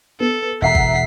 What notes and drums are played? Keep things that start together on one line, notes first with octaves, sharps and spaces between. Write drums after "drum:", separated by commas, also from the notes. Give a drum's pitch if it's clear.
B3 A4
E1 E5 F#5 A#5 B6 C7
drum: kick